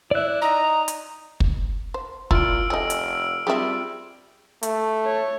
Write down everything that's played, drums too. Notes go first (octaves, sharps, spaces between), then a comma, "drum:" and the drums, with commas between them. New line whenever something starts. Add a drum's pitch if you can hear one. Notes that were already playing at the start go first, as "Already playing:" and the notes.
E4 D5 F#6
D#4 A#5
drum: hi-hat
drum: kick
C5
A#2 E4 F4 E6 F6 D7, drum: kick
F1 A3 G#4 D#5 G#5 E6 D7
drum: hi-hat
G3 C4 F4 G4 G#4 E5
A3, drum: hi-hat
C#5